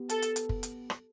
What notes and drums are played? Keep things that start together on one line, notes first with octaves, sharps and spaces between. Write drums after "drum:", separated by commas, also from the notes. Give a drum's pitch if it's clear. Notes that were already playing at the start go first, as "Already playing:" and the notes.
Already playing: B3 G4
A4, drum: hi-hat
drum: hi-hat
drum: hi-hat
drum: kick
drum: hi-hat
drum: rim click